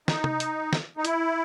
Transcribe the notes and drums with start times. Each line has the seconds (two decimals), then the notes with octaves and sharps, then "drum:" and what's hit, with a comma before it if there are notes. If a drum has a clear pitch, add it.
0.08 D#4, drum: snare
0.24 drum: tom
0.40 drum: hi-hat
0.73 drum: snare
0.97 D#4
1.05 E4, drum: hi-hat